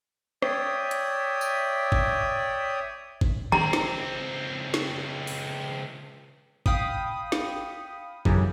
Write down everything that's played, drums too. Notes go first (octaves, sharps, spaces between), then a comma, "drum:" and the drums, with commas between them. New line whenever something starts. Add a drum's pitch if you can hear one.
C#5 D5 E5 G5 D#6, drum: rim click
drum: hi-hat
drum: tambourine
drum: kick
drum: kick
C#2 C4 A#5, drum: tom
drum: snare
drum: snare
drum: open hi-hat
F5 G5 B5 D#6, drum: kick
drum: snare
F#2 C#3 E3 F#3 G3, drum: kick